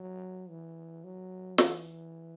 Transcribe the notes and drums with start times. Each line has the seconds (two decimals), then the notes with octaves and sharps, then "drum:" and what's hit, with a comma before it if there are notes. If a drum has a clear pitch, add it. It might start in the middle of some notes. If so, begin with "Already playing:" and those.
Already playing: F#3
0.49 E3
1.04 F#3
1.58 E3, drum: snare